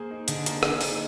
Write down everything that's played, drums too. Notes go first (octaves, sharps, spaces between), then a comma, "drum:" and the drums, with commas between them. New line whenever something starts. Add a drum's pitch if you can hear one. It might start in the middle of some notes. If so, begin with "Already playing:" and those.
Already playing: A#3 G#4 C5
D#4
D3 G#4, drum: hi-hat
A#3, drum: hi-hat
G#4, drum: rim click
D#4, drum: open hi-hat